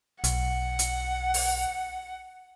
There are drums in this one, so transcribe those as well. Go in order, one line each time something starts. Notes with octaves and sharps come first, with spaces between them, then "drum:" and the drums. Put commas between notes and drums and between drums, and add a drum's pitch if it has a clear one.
B1 F#5, drum: hi-hat
drum: hi-hat
drum: open hi-hat